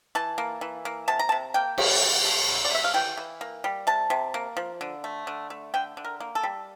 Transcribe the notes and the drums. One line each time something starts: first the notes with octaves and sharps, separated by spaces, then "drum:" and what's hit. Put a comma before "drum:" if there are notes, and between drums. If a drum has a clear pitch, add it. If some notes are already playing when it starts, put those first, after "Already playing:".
E3 A5
A#3
E3
A#3
C3 A5
A#5
A5
C3
A#3 G5
G3, drum: cymbal
D3
A3
D3
D5
A3 E5
F5
E3 G5
E3
A#3
G3
C3 A5
C3
A#3
F3
D3
A3
D3
A3
D3 G5
D3
A#4
A#3
A4
G3